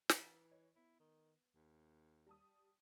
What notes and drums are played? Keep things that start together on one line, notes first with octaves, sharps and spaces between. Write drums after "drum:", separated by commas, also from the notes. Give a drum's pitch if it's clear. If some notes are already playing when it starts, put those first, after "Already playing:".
E3, drum: snare
C#5 D#5
B3 E4
D#3
D#2
G3 A5 D#6